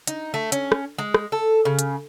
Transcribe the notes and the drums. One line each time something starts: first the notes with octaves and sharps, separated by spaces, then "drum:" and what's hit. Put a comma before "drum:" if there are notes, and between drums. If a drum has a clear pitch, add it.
D#4, drum: hi-hat
A3
C#4, drum: hi-hat
drum: rim click
G#3
drum: rim click
A4
C#3
drum: hi-hat